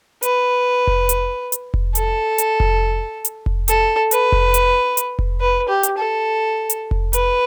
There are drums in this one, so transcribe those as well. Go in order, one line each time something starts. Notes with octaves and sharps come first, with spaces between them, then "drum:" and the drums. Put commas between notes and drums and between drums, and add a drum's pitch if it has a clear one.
B4, drum: hi-hat
drum: kick F1
drum: hi-hat
drum: hi-hat
drum: kick F1
A4, drum: hi-hat
drum: hi-hat
drum: kick F1
drum: hi-hat
drum: kick F1
A4, drum: hi-hat
B4, drum: hi-hat
drum: kick F1
drum: hi-hat
drum: hi-hat
drum: kick F1
B4
G4
drum: hi-hat
A4
drum: hi-hat
drum: kick F1
B4, drum: hi-hat